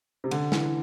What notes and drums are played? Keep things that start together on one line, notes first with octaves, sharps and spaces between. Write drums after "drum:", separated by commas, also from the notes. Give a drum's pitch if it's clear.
C3
D3, drum: cymbal
E3, drum: snare